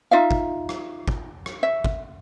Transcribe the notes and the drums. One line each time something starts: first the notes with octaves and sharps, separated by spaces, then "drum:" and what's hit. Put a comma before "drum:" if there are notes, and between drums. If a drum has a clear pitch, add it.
D#4 F4 E5 F5
drum: kick
drum: rim click
drum: kick
drum: rim click
E5
drum: kick